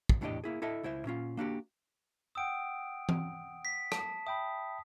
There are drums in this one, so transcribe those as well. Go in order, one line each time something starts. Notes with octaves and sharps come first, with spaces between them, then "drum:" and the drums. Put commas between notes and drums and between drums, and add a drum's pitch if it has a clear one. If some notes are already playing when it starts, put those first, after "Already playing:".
drum: kick
E2 A2 D4 E4 G4 D#5
A#3 E4 G#4
E4 A4 D#5 E5
C#2 E4 C5 E5
A#2 C#4 F4
A#3 D4 F#4 G4
F#5 G5 D#6 E6 D7
drum: tom E3
B6
A5, drum: rim click
E5 G5 B5 D#6